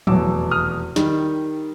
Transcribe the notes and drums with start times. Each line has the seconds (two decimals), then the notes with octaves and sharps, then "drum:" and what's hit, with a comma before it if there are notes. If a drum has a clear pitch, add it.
0.07 F1 E2 B2 F#3 D6 E6, drum: tom F3
0.51 D#6 F6
0.96 D#3 G3, drum: snare